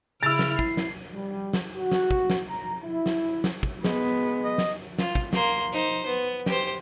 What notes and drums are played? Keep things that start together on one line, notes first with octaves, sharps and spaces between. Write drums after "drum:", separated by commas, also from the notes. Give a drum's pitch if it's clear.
C#3 E4 E6 F6 A6 D7
drum: snare
E4 C7, drum: kick
drum: snare
G3
drum: snare
F#4
drum: snare
drum: kick
drum: snare
A#5
E4
drum: snare
drum: snare
drum: kick
G#3 B3, drum: snare
D#5
drum: snare
F4, drum: snare
drum: kick
A#3 C6, drum: snare
D#4 C5
B3
G4 C5, drum: snare